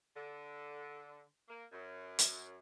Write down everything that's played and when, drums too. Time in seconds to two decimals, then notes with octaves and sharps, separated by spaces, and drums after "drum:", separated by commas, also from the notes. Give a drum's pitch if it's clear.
0.15 D3
1.48 A#3
1.72 F#2
2.19 drum: hi-hat